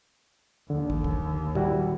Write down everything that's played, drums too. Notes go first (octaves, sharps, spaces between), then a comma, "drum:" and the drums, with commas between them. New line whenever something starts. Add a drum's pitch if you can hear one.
D#2 D3
drum: kick
drum: kick
G3 E4 F#4, drum: tom